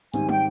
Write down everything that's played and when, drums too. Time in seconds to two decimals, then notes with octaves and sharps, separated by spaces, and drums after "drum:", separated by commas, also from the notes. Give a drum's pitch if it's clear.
0.14 G#2 D#3 G3 C4 D#4 G#5, drum: hi-hat
0.29 G5, drum: tom